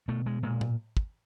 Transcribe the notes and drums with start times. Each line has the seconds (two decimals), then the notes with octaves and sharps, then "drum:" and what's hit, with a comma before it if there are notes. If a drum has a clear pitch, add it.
0.08 B2 A3
0.26 G#3
0.43 A#2 G#3
0.61 drum: tom A2
0.97 drum: kick